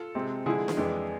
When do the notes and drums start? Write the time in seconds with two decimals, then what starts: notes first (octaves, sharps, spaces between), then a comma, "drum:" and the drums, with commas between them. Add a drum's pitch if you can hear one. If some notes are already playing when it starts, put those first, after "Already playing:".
Already playing: F4 A4
0.15 C3 G#3 C4
0.46 D3 F3 G#3 E4 G#4
0.68 drum: snare D4
0.77 F2 E3 G#3 D4